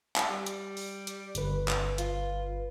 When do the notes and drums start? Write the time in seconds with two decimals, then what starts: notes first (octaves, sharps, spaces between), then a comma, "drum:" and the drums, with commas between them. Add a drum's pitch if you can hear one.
0.16 drum: clap
0.29 G3
0.46 drum: hi-hat
0.77 drum: open hi-hat
1.07 drum: hi-hat
1.35 G1 B4, drum: hi-hat
1.68 drum: clap
1.98 F4, drum: hi-hat